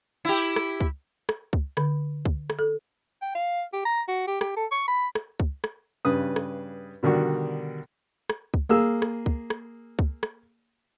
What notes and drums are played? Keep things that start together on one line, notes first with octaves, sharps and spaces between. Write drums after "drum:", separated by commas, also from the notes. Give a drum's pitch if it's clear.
E4 G4
drum: rim click
drum: kick C#2
drum: rim click
drum: kick C#2
D3, drum: rim click
drum: kick C#2
drum: rim click
A4
G5
F5
G4
A#5
F#4
G4
G4, drum: rim click
A4
C#6
B5
drum: rim click
drum: kick C#2
drum: rim click
G2 C#3 B4 D#6
drum: rim click
B2 D3 D#3 G3 F#4
drum: rim click
drum: kick C#2
A#3 G#4 E6
drum: rim click
drum: kick C#2
drum: rim click
drum: kick C#2
drum: rim click